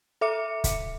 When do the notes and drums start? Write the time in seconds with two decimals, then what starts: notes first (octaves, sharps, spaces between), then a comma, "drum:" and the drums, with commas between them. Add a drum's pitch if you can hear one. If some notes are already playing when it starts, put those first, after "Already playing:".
0.21 A4 E5 D6 C#7
0.64 drum: kick, hi-hat